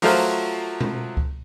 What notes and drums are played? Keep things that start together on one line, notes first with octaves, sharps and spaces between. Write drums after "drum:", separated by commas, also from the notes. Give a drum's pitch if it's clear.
F3 F#3 A3 F4 A#4 C5, drum: open hi-hat
drum: tom B2
drum: kick C#2